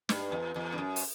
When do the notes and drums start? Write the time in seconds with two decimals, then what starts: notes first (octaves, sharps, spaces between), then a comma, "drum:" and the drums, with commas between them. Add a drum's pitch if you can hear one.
0.09 G2, drum: snare
0.32 E2
0.56 E2
0.72 G2
0.78 F#2
0.96 drum: open hi-hat